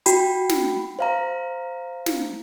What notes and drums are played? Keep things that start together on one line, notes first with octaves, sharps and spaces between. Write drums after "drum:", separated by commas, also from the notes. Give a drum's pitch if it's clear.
F#4 G5 B5, drum: hi-hat
drum: snare
C5 F5 A#5
drum: snare